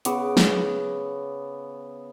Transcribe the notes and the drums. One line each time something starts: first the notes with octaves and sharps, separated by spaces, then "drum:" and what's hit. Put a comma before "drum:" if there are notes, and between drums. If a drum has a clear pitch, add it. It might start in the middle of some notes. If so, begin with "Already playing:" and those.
C#3 B3 C#6 D6, drum: hi-hat
drum: snare